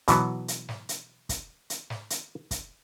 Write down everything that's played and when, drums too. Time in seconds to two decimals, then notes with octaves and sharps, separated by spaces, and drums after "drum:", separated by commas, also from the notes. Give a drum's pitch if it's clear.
0.08 B2 E3 F#3 B3, drum: kick, hi-hat
0.48 drum: hi-hat
0.69 drum: snare
0.89 drum: hi-hat
1.29 drum: kick, hi-hat
1.70 drum: hi-hat
1.90 drum: snare
2.10 drum: hi-hat
2.51 drum: kick, hi-hat